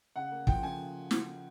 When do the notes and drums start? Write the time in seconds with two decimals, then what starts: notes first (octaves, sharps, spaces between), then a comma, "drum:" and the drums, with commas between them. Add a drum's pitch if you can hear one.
0.16 C#3 F#5
0.32 A#3
0.47 F3 G5, drum: kick
0.63 C#3 G#5
1.11 drum: snare